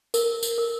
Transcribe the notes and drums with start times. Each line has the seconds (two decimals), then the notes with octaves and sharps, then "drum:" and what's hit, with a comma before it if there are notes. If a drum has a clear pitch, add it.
0.14 A#4, drum: tambourine
0.43 drum: tambourine
0.58 A#4